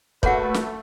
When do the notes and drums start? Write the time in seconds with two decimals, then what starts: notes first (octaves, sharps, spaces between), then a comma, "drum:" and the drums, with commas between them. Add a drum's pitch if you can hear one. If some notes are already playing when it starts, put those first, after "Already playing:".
0.23 A3 A#3 F#4 B4 C#5 F#5, drum: kick
0.54 drum: snare